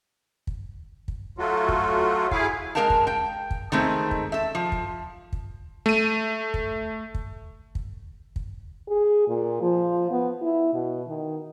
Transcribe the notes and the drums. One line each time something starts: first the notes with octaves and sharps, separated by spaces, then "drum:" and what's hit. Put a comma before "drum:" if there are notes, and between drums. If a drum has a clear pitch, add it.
drum: kick
drum: kick
F#3 A3 F4 F#4
drum: kick
E4 G#4 F5 G#5, drum: kick
G#3 C#4 A#4 F5 G5 A5
drum: kick
G5
drum: kick
D#3 G#3 A3 C4
drum: kick
A4 E5
F3
drum: kick
drum: kick
A3 D#7
drum: kick
drum: kick
drum: kick
drum: kick
G#4
A#2
F3
B3
E4
B2
D#3